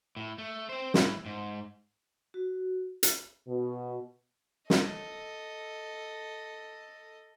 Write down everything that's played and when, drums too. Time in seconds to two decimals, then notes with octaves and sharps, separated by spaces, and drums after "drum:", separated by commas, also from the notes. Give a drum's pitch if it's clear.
0.16 A2
0.38 A3
0.69 C4 C5
0.94 A2, drum: snare
1.26 G#2
2.34 F#4
3.03 drum: hi-hat
3.48 B2
4.70 A4 D#5, drum: snare